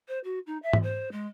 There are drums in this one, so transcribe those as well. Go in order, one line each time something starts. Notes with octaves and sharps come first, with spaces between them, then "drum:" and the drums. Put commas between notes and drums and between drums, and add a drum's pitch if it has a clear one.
C5
F#4
D#4
E5
drum: tom G#2
C5
G#3